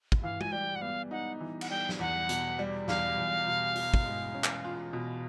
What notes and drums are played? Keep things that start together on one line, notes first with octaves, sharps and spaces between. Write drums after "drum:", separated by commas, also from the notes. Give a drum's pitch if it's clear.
drum: kick
E3 F5
G#5, drum: tom
G3 G5
F#5
B3 F5
D#4 F#5
E3
F#5, drum: cymbal
G3 G5
drum: snare
E2 F#5
B2, drum: hi-hat
G3
E2 F5, drum: snare
E2
B2
B2, drum: open hi-hat
drum: kick
G#3
C#4
drum: clap
F4
B2